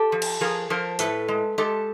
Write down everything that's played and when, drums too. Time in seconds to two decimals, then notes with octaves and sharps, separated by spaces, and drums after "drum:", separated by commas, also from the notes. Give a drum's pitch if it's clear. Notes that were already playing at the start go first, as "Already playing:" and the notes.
Already playing: G4 A4
0.12 F3
0.22 drum: cymbal
0.41 F3 G#4 A#4
0.70 F3 A#4 C5
0.99 A2 A4 B4, drum: hi-hat
1.28 G#3
1.58 G#3 G4 A4